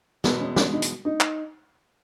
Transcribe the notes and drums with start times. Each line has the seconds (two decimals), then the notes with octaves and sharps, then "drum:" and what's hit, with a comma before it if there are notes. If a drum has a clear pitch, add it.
0.24 E2 B2 G#3 B3, drum: snare
0.40 C#4
0.56 C#4, drum: snare
0.72 D#4
0.82 drum: hi-hat
1.05 D#4
1.20 drum: clap